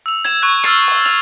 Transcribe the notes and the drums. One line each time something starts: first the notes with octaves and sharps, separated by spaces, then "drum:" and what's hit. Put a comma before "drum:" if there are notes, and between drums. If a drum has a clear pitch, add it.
E6 F7
G#6 E7, drum: hi-hat
C#6 F#6 G#6
E6 F6 A6 C7, drum: rim click
drum: open hi-hat
F7, drum: hi-hat